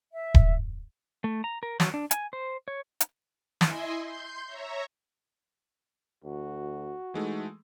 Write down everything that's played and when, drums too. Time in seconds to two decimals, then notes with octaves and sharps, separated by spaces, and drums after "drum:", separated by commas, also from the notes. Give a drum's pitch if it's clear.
0.12 E5
0.34 drum: kick D#1
1.24 A3
1.44 A#5
1.63 A#4
1.80 F#3, drum: snare
1.94 D4
2.11 G#5, drum: hi-hat
2.33 C5
2.68 C#5
3.01 drum: hi-hat
3.61 E4 D#5 E5 G#5 C6, drum: snare
4.03 C6 G6
4.46 C#5 E5 A#5
6.24 D2 F#4
7.14 E3 G#3 A3 D#4